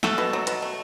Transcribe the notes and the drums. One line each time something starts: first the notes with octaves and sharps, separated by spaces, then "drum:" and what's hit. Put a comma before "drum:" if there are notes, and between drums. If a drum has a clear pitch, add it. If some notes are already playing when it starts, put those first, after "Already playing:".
A3 F#4 A4, drum: snare
B2
F#3
B2, drum: hi-hat
A3